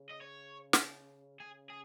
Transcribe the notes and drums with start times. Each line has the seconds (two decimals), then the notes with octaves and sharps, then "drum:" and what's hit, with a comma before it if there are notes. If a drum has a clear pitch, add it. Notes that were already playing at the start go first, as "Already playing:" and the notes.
Already playing: C#3
0.11 D#5
0.22 C#5
0.73 drum: snare
1.40 C#3 G#4
1.70 G#4